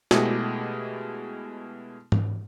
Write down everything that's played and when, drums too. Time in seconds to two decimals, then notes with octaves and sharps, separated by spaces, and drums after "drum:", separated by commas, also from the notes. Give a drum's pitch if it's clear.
0.11 B2 G#3 A3 E4 G4 G#4, drum: snare
2.12 drum: tom G#2